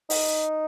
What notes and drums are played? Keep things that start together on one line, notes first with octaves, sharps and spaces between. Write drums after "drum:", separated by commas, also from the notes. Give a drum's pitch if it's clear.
D#4, drum: open hi-hat